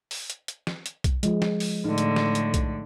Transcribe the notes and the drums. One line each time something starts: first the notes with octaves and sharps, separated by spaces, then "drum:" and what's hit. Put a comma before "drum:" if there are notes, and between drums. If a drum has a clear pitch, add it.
drum: open hi-hat
drum: hi-hat
drum: hi-hat
drum: snare
drum: hi-hat
drum: kick, hi-hat
F3 G#3, drum: hi-hat
drum: snare
drum: open hi-hat
A2 D3 D#4
drum: hi-hat
drum: snare
drum: hi-hat
drum: kick, hi-hat